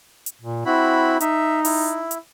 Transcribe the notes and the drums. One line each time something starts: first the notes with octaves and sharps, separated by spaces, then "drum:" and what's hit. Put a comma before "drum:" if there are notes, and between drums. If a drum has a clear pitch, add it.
drum: hi-hat
A#2
C4 E4 F#4 B5
D#4 E5, drum: hi-hat
E4, drum: open hi-hat
drum: hi-hat